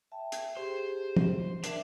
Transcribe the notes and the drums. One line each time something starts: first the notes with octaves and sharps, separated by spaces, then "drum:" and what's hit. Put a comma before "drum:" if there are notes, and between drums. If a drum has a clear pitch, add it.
E5 G5 A5
drum: hi-hat
G4 G#4 C5
drum: tom
D4 A#4 E5, drum: hi-hat